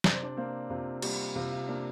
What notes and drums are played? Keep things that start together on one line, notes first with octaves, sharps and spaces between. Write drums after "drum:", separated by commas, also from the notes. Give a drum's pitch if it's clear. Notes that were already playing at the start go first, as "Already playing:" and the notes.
C3 D5, drum: snare
C5
D4 D5
A#3 C4 C5
C3 F4
G3 A#3 G4, drum: cymbal
C3 F4
F4
A#3 D4